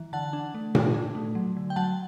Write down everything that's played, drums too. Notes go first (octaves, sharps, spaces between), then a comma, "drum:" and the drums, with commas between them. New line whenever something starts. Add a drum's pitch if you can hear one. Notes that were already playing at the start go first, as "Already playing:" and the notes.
Already playing: E3
D3 F#5 A5
D4
A3
D3, drum: tom A#2
D4
A3
F#3
D3
G5
F#3 F#5 A5